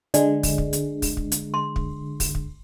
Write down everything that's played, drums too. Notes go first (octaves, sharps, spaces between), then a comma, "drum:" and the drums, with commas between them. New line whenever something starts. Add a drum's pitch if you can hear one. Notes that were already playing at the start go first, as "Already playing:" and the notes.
D3 G#3 D5, drum: hi-hat
drum: kick, open hi-hat
drum: kick
drum: hi-hat
drum: kick, open hi-hat
drum: kick
drum: hi-hat
C6
drum: kick
drum: kick, open hi-hat
drum: kick